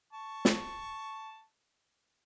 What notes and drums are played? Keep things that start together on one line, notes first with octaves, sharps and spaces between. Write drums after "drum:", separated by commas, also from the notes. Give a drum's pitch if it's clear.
A5 C#6
drum: snare